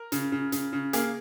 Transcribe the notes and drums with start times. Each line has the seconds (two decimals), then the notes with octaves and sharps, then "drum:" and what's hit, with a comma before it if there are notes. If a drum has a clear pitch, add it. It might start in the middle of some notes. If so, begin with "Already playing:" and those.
Already playing: A#4
0.12 C#3, drum: hi-hat
0.32 C#3
0.52 C#3, drum: hi-hat
0.73 C#3
0.93 A#3 G#4, drum: hi-hat